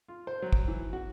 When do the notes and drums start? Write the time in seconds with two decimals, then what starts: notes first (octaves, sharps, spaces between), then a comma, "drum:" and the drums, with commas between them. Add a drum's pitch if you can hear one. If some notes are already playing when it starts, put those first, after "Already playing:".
0.08 F4
0.27 C5
0.42 F#3
0.53 drum: kick
0.68 E3
0.93 F#4